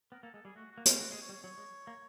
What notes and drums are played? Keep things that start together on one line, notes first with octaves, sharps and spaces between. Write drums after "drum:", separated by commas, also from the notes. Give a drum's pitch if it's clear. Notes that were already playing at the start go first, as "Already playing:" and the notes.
B3 A#4
A#3 A4
G#3 A4
G3 G#4
A3 F#4
F#4
A#3
F4, drum: hi-hat
A3 F#4
G#3 A3 G#4
C#5
G3
C#5
F#3 C#5
G#3
A#3